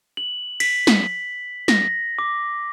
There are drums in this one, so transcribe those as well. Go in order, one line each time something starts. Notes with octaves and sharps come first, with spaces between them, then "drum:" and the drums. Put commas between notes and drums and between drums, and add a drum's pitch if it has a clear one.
F#7
B6, drum: cymbal
drum: snare
A#6, drum: snare
D6